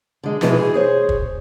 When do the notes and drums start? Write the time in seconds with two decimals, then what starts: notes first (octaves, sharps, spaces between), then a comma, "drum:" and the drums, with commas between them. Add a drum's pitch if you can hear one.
0.23 D3 G#3
0.41 F#2 B2 E3 F3 G#3 E5, drum: snare
0.59 G#4
0.74 G#4 C5 C#5
1.09 drum: kick